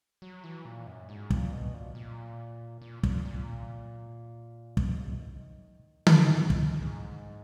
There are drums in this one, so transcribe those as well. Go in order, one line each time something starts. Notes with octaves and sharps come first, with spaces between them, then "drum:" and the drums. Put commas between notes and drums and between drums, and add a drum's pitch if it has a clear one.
F#3
E3
A#2
F#2
G#2
A#2, drum: kick
B2
A#2
A#2
A#2
A#2, drum: kick
A#2
B2, drum: kick
C#3
E3
D#3
E3, drum: tom D3
G#2
drum: kick
G#2